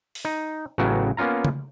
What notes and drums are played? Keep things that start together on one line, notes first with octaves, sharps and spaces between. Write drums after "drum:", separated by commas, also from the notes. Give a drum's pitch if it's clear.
drum: open hi-hat
D#4
A1 C#3 F#3 B3 F#4 G5
A#3 B3 C#4 F4 A#5
drum: tom C#3